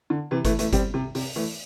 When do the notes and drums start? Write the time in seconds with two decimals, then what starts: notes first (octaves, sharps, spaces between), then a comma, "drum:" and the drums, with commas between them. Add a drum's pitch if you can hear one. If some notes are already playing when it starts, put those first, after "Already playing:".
0.10 D3
0.31 C3 E3
0.45 E3 A3, drum: kick G1, hi-hat
0.59 E3 A3, drum: hi-hat
0.73 G3 C4, drum: kick G1, hi-hat
0.94 C3
1.15 C3, drum: open hi-hat
1.36 E3 A3